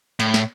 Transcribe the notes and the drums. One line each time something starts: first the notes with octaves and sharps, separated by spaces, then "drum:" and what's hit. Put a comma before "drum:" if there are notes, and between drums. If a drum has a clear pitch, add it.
A2, drum: hi-hat
drum: snare